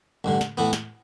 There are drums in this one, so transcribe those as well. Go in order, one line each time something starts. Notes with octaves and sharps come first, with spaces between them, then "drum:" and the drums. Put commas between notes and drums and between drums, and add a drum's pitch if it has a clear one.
A1 G2 D3
drum: snare
A2 E3 B3
drum: snare